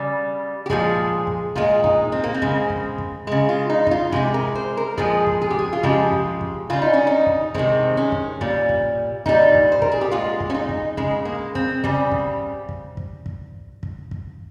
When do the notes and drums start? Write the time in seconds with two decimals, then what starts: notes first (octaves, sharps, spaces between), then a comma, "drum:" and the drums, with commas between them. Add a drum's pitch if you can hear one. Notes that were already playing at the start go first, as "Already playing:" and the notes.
Already playing: C#3 G3
0.66 G4
0.70 A#2 F3 G#3 G#4, drum: kick
1.27 drum: kick
1.56 A#2 G#3 F4, drum: kick
1.84 D#4, drum: kick
2.12 C4
2.24 A#3
2.34 C4
2.42 C#3 G#3, drum: kick
2.70 drum: kick
2.98 drum: kick
3.27 C#3 G#3
3.49 F4
3.70 D#4
3.87 D#4, drum: kick
3.91 F4
4.12 C3 D#3 G#3 G4, drum: kick
4.34 A#4
4.55 C5
4.77 A#4
4.97 A#2 F3 G#3 G#4, drum: kick
5.27 drum: kick
5.42 G#4
5.51 G4
5.59 G#4
5.73 F4
5.83 C#3 F3 G#3 G4, drum: kick
6.12 drum: kick
6.41 drum: kick
6.70 C#3 G3 F4
6.82 D#4
6.93 C#4
7.07 D#4
7.26 drum: kick
7.54 C3 D#3 G#3 C4, drum: kick
7.97 C#4
8.12 drum: kick
8.41 A#2 G3, drum: kick
8.69 drum: kick
9.26 A#2 G3 D#4, drum: kick
9.55 drum: kick
9.72 C5
9.82 A#4, drum: kick
9.92 G#4
10.01 G4
10.11 A#2 G#3 F4
10.40 drum: kick
10.50 C#4
10.54 D#4
10.69 drum: kick
10.97 C#3 G#3, drum: kick
11.25 A#3
11.55 C4, drum: kick
11.84 C#3 G3, drum: kick
12.12 drum: kick
12.69 drum: kick
12.97 drum: kick
13.26 drum: kick
13.83 drum: kick
14.11 drum: kick